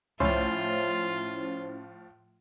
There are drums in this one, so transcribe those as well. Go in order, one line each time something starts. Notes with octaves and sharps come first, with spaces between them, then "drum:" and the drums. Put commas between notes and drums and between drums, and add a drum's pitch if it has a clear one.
A2 F3 C#4 E4 F4 C5, drum: tom C2